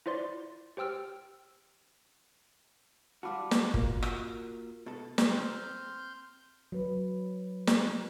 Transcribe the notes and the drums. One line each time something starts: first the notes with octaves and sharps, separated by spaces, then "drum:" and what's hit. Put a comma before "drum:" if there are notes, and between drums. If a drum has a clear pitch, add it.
E4 F4 C5 D5 C6
G4 C5 G5 E6 F6
G3 F4 F#4 A5 B5 D6
drum: snare
A#3 F4 F#4, drum: kick
drum: rim click
B2 A4
drum: snare
C4 C6 F6 G6
F#3 B4
drum: snare